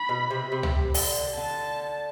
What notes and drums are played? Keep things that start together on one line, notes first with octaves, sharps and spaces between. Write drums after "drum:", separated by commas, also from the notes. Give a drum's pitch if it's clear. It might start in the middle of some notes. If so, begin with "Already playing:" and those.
Already playing: B5
B2
C3
C3
drum: tom C#2
D3, drum: open hi-hat
D3 A5